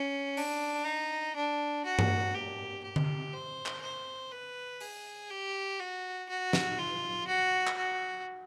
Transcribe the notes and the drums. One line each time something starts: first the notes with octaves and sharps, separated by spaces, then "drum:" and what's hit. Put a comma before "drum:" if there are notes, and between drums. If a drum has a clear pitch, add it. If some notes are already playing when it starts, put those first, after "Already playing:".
Already playing: C#4
D4, drum: open hi-hat
D#4
D4
F#4
drum: tom G2
G4
G4
drum: tom D3
C5
drum: clap
C5
B4
G#4, drum: open hi-hat
G4
F#4
F#4
drum: snare
F4
F#4
drum: clap
F#4